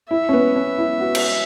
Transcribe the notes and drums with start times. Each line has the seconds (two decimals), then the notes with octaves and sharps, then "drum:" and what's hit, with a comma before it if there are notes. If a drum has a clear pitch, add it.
0.11 E4 E5
0.29 C#4
0.33 B3
0.56 C#4
0.78 E4
1.00 F#4
1.15 drum: cymbal